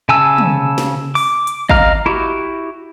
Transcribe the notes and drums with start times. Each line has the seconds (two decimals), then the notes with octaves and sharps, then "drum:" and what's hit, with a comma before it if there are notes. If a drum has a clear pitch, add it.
0.09 C#3 G#5 A5 E6
0.38 drum: tom
0.78 drum: snare
1.15 D6, drum: open hi-hat
1.47 drum: hi-hat
1.69 D#5 F5 A#5 F6, drum: kick
2.06 E4 F#4 G4